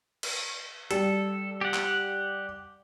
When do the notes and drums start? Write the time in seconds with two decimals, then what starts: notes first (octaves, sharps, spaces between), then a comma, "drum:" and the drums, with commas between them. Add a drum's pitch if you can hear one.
0.23 drum: cymbal
0.91 G3 A4, drum: hi-hat
1.61 G4 F#5
1.74 drum: clap